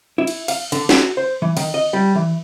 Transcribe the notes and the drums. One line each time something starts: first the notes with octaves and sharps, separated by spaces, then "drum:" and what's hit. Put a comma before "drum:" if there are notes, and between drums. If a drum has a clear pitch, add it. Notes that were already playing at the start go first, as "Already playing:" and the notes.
E4
drum: cymbal
F5, drum: cymbal
D3, drum: cymbal
F#4, drum: snare
C5
E3
D#3, drum: cymbal
D#5
G3
E3